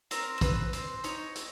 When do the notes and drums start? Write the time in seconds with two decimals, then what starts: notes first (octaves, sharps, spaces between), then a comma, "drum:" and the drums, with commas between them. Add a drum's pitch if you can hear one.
0.11 C4 A#4, drum: hi-hat
0.38 C5
0.41 C4 B4, drum: kick, hi-hat
0.73 C4 C5, drum: hi-hat
1.04 D#4 C#5, drum: hi-hat
1.35 C4, drum: hi-hat